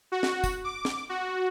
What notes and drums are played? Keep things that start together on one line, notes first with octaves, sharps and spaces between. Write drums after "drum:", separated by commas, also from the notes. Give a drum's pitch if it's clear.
F#4
drum: snare
drum: kick, tambourine
D6
drum: snare
F#4